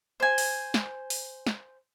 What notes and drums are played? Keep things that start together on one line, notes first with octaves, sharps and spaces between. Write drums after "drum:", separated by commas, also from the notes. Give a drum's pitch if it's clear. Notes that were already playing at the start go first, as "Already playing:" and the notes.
C5 G#5
drum: open hi-hat
drum: snare
drum: open hi-hat
drum: snare